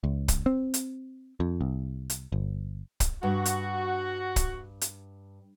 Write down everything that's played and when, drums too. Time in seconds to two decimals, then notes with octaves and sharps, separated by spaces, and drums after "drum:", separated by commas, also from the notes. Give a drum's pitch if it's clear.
0.04 C#2
0.28 drum: kick, hi-hat
0.46 C4
0.74 drum: hi-hat
1.40 F2
1.61 C2
2.10 drum: hi-hat
2.32 G1
3.00 drum: kick, hi-hat
3.23 G2 F#4
3.45 drum: hi-hat
4.36 drum: kick, hi-hat
4.81 drum: hi-hat